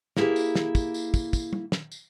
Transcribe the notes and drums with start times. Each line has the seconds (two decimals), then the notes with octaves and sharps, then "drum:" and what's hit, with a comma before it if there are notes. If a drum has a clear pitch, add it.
0.17 A#3 E4 G4 G#4 B4, drum: snare
0.36 drum: tambourine
0.55 drum: snare
0.75 drum: kick, tambourine
0.94 drum: tambourine
1.14 drum: kick, tambourine
1.33 drum: kick, tambourine
1.53 drum: tom
1.72 drum: snare
1.92 drum: tambourine